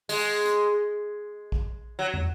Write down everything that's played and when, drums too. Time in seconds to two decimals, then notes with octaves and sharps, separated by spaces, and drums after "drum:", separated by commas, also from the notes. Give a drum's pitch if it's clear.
0.09 G#3, drum: open hi-hat
0.46 drum: hi-hat
1.52 drum: kick
1.99 F#3
2.14 drum: tom